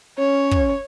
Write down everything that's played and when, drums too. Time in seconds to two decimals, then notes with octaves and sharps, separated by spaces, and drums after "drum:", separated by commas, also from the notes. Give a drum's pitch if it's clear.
0.18 C#4 C#5
0.51 drum: kick